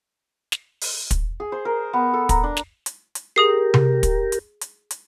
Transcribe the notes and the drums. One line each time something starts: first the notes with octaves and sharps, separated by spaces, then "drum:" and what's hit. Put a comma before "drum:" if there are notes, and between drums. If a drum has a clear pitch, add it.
drum: snare
drum: open hi-hat
drum: kick, hi-hat
G#4
C5
A#4
B3
A4
A#5, drum: kick, hi-hat
D4
drum: snare
drum: hi-hat
drum: hi-hat
G4 G#4 A#4 D#6 C7
drum: tom C3
drum: kick, hi-hat
drum: hi-hat
drum: hi-hat
drum: hi-hat